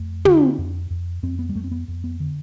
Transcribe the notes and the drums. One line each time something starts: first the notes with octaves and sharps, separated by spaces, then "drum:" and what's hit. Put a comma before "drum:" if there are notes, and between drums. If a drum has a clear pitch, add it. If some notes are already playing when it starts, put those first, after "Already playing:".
Already playing: F2 A3
D3, drum: tom
F2
F2
F2 C4
B3
G3
F2 A3
C4
B3
F2
B3
D3